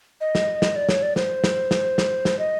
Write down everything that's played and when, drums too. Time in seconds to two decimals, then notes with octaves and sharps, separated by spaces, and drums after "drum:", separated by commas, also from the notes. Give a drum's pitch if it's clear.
0.21 D#5
0.35 drum: snare
0.62 drum: snare
0.76 D5
0.89 C#5, drum: snare
1.03 D5
1.16 C5, drum: snare
1.44 drum: snare
1.71 drum: snare
1.98 drum: snare
2.25 drum: snare
2.39 D#5